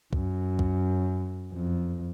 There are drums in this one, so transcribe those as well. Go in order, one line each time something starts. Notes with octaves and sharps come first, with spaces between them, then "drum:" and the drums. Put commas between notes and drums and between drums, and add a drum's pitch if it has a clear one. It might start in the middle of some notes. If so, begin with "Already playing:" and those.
F#2, drum: kick
drum: kick
F2